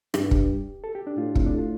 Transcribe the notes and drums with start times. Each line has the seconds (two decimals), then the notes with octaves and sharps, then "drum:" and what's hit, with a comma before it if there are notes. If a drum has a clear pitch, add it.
0.14 G2 G4, drum: rim click
0.31 drum: kick
0.84 A4
0.95 G4
1.07 D4
1.17 A2 F4
1.35 C4, drum: kick
1.46 D4
1.58 F4